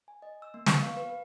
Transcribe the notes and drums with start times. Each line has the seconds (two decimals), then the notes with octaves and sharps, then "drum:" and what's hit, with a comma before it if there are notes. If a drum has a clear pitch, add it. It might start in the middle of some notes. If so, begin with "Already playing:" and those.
0.08 G#5
0.22 D#5
0.42 E6
0.54 A#3
0.66 C#6, drum: snare
0.83 F5
0.97 B4
1.10 B4